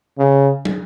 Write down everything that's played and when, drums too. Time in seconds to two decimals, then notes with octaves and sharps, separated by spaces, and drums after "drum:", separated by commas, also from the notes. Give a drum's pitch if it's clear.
0.18 C#3
0.65 drum: tom